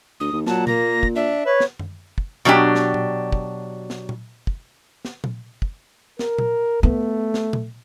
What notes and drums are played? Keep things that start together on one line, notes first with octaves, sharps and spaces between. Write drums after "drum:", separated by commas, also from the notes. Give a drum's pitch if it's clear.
D2 D#6
D#2
A#2 F#3 A5, drum: snare
A#3 A#6, drum: tom A#2
drum: kick
D4 E5
B4 C#5
drum: snare
drum: tom F#2
drum: kick
B2 F#3 D4 G4
drum: snare
drum: tom A#2
drum: kick
drum: snare
drum: tom A#2
drum: kick
drum: snare
drum: tom A#2
drum: kick
A#4, drum: snare
drum: tom A#2
A3 B3
drum: snare
drum: tom A#2